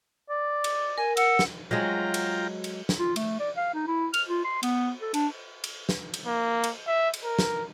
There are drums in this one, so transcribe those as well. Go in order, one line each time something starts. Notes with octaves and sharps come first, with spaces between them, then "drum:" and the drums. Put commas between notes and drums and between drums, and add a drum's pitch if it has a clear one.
D5
drum: cymbal
A#4 G#5
F#5 E6, drum: cymbal
drum: snare
F#3 G#3 F4 G5 A#5
drum: cymbal
drum: cymbal
drum: snare
F4
A3, drum: cymbal
D5
F5
D#4
E4
F6, drum: cymbal
F4
C6
B3, drum: cymbal
A4
D4, drum: cymbal
drum: cymbal
drum: snare
drum: cymbal
A#3
drum: cymbal
E5
drum: cymbal
A#4
drum: snare